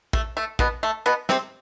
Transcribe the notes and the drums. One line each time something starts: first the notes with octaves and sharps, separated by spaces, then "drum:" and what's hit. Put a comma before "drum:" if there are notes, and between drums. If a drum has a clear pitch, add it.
A3, drum: kick
A3
B2 B3, drum: kick
A3
B2 B3
C3 C4, drum: snare